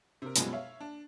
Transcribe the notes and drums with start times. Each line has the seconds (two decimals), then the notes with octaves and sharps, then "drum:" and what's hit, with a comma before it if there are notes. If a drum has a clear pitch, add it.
0.22 C3 A#4
0.36 F#2 B2 F3 G3 G#3, drum: hi-hat
0.53 C#5 E5 F5
0.81 D4